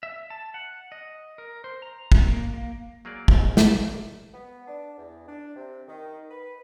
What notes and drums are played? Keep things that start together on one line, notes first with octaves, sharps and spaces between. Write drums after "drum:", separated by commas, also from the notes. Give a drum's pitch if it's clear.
E5
A5
F#5
D#5
A#4
C5
A#5
drum: kick
A#3
A#3
F#3 A#3 G#4 D5
A#1 D#2 G#2, drum: kick
drum: snare
B3
D4
E2
D4
C3
D#3
B4